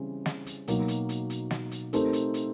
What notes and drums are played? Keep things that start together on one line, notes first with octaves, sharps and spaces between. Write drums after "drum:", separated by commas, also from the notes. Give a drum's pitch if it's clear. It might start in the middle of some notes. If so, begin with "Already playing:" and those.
Already playing: C#3 E3 G3 C4
drum: snare
drum: hi-hat
B2 F#3 A#3 D#4 F#4, drum: hi-hat
drum: hi-hat
drum: hi-hat
drum: hi-hat
drum: snare
drum: hi-hat
A3 C4 D#4 G4 A#4, drum: hi-hat
drum: hi-hat
drum: hi-hat